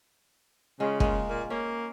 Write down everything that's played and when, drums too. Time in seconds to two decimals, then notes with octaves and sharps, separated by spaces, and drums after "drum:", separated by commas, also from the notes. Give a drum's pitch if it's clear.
0.80 C#3 G#3 F4
1.00 G#3 A#3 F4, drum: kick
1.29 A#2
1.50 A#3 C#4